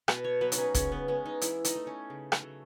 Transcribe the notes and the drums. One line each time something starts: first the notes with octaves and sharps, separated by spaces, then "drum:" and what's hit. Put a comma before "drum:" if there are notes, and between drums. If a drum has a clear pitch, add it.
B2 B4, drum: rim click
C#5
F#3 B3 B4
D#4, drum: hi-hat
C#4
C#3 C#4, drum: kick, hi-hat
B3
G#3 B3 C#4
D#4
E3 E4, drum: hi-hat
D#4, drum: hi-hat
A3
C#4
C#3
drum: rim click
F#3 A3